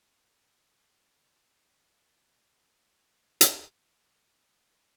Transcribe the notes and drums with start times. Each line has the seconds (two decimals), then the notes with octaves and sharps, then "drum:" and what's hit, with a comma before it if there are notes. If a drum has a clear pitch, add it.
0.14 B1 G#2 A#3 C#4 G4
0.40 F#2
0.73 A4
1.29 G#5
1.54 B4
2.02 F#4
2.19 F5
3.41 drum: hi-hat
4.25 D5 C#6
4.53 F4 C5 E5
4.66 G#4 F5 C#6